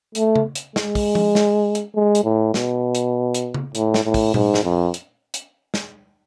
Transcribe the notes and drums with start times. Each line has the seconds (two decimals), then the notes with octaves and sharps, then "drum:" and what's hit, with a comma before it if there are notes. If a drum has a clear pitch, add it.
0.15 A3, drum: hi-hat
0.36 drum: tom C#3
0.55 drum: hi-hat
0.76 G#3, drum: snare
0.95 drum: kick, open hi-hat
1.15 drum: tom F3
1.35 drum: snare
1.75 drum: hi-hat
1.96 G#3
2.15 drum: hi-hat
2.24 A2
2.54 B2, drum: snare
2.95 drum: hi-hat
3.35 drum: hi-hat
3.54 drum: tom C#3
3.75 A2, drum: hi-hat
3.94 drum: snare
4.04 A2
4.14 drum: kick, open hi-hat
4.34 G#2, drum: tom A#2
4.54 drum: snare
4.63 F2
4.94 drum: hi-hat
5.34 drum: hi-hat
5.74 drum: snare